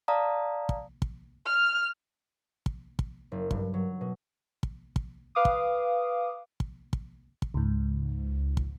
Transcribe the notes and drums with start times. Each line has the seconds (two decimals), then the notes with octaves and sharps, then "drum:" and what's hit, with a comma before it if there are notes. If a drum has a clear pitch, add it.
0.08 D5 F5 A5 A#5 D#6
0.69 drum: kick
1.02 drum: kick
1.45 F6
2.66 drum: kick
2.99 drum: kick
3.32 F#1
3.51 G2, drum: kick
3.74 F#3
4.01 B2
4.63 drum: kick
4.96 drum: kick
5.35 B4 F5 D6 D#6
5.45 drum: kick
6.60 drum: kick
6.93 drum: kick
7.42 drum: kick
7.54 C#2 G#2
8.57 drum: kick